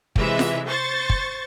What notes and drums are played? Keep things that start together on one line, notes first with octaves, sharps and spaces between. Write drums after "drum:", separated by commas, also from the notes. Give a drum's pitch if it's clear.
C3 E3 G#3 E5, drum: kick
drum: snare F4
C5 C#6 A6
drum: kick